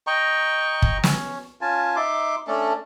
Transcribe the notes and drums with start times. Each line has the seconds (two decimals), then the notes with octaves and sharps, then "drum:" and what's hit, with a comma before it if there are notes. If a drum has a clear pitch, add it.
0.07 D#5 G5 A#5 C#6
0.82 drum: kick
1.04 C#4 C#5, drum: snare
1.61 C#4 F4 G#5 A5
1.96 D#4 E5 C6 D6
2.47 A3 C#4 D4 A4